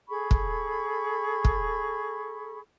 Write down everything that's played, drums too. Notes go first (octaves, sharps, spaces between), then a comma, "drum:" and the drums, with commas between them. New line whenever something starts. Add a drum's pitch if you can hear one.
G#4 A4 B5 C#6
drum: kick
drum: kick